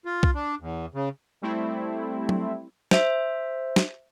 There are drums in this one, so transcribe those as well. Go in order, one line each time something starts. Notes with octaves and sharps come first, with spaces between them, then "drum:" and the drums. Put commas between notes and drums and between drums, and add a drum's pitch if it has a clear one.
F4
drum: kick C2
D4
E2
C#3
G3 A3 C4 E4
drum: tom F#3
C5 E5, drum: snare
drum: snare